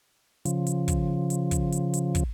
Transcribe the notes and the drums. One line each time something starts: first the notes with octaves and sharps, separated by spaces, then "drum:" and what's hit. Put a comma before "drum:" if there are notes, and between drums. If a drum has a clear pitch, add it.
C#3 F3, drum: hi-hat
drum: hi-hat
drum: kick, hi-hat
drum: hi-hat
drum: kick, hi-hat
drum: hi-hat
drum: hi-hat
drum: kick, hi-hat